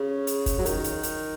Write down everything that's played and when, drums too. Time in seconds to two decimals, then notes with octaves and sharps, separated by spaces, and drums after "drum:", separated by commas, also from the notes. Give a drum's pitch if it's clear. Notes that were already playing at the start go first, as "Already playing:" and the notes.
Already playing: C#3
0.27 drum: hi-hat
0.46 drum: kick, hi-hat
0.58 F#3
0.66 D#3, drum: hi-hat
0.84 drum: hi-hat
1.03 drum: hi-hat